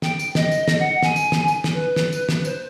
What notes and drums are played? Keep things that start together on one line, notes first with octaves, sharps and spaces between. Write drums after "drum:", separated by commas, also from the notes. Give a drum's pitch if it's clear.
G5, drum: snare
drum: tambourine
D#5, drum: snare
drum: tambourine
drum: snare
F#5
G#5, drum: snare
drum: tambourine
drum: snare
drum: tambourine
drum: snare
B4
drum: snare
drum: tambourine
drum: snare
C5, drum: tambourine